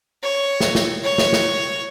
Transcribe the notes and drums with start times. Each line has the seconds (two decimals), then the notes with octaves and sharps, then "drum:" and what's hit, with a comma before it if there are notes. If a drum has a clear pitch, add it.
0.23 C#5
0.61 drum: snare
0.75 drum: snare
1.04 C#5
1.18 drum: snare
1.33 drum: snare